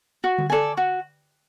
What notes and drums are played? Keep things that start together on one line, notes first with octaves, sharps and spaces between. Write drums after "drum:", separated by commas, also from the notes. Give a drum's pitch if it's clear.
F#4
drum: tom D3
A4 D5 G#5
F#4